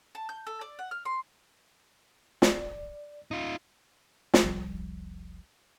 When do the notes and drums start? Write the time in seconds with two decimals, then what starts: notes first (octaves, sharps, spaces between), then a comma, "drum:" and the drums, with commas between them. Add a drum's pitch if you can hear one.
0.15 A5
0.29 G6
0.47 A4
0.61 D5
0.79 F#5
0.91 F6
1.05 C6
2.42 D5, drum: snare
3.31 D#4 F4
4.34 drum: snare
4.43 F1 C2 F3 G3